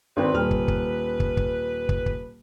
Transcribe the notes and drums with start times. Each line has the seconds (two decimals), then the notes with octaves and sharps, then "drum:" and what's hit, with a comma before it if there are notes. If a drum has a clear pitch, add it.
0.17 G#1 C4 B4
0.34 D#1 F6
0.51 drum: kick
0.68 drum: kick
1.20 drum: kick
1.37 drum: kick
1.89 drum: kick
2.06 drum: kick